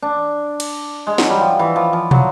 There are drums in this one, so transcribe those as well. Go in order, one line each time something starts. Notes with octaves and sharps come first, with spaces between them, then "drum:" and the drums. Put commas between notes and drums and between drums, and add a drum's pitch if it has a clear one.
D4
drum: cymbal
G#3
F#3, drum: snare
G3
F3
E3
F3
F3
F#3, drum: tom